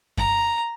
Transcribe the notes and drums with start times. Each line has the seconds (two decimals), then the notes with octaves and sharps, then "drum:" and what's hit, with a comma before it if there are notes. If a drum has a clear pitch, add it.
0.17 A#5, drum: kick F#2